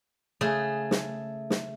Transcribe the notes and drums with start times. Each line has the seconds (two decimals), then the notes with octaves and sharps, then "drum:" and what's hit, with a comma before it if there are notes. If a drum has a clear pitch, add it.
0.41 C#3 A3 G#4
0.91 drum: snare
1.50 drum: snare